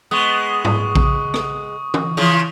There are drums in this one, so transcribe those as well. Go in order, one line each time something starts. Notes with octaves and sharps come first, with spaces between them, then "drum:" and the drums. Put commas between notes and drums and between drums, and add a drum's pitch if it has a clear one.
G#3 B3 C#6 D#6
drum: tom G#2
drum: kick A#1
drum: rim click
drum: tom E3
C#3 E3 F3